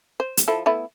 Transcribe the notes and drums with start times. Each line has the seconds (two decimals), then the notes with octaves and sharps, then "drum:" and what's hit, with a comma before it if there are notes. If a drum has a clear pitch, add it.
0.20 C5
0.37 drum: hi-hat
0.48 F3 E4 A4
0.66 A3 B3 E4